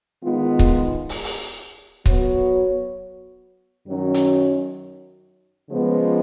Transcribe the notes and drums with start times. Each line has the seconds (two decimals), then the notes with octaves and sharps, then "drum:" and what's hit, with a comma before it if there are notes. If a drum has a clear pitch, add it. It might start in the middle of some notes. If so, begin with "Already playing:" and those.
0.23 D#3 G#3 B3 F4
0.59 drum: kick C#1
1.09 drum: open hi-hat
1.24 drum: open hi-hat
2.06 F#3 B3 F#4 C#5, drum: kick C#1
3.88 F#2 D#3 F#3 C#4
4.14 drum: hi-hat
5.70 C#3 F3 G#3 B3 F4